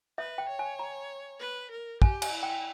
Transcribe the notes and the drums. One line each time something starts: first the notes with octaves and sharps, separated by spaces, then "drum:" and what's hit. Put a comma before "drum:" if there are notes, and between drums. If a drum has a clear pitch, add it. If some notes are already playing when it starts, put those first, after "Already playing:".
B4 E5
G5
C#5
G#5
A#5
B4
A#4
G4 G#5, drum: kick
G#5, drum: cymbal
E4
G5